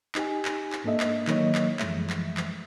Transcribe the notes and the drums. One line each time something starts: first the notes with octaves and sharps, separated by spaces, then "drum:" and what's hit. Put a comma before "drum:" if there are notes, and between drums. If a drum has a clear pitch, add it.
D#4 G4 G#5, drum: clap
drum: clap
drum: clap
G#2 A#3 D4 A4 D#5 E5
drum: clap
D#3 F#3 A#3 C#5 D#5, drum: clap
drum: clap
F#2 E3 F3 G#3 A3 E5, drum: clap
drum: clap
drum: clap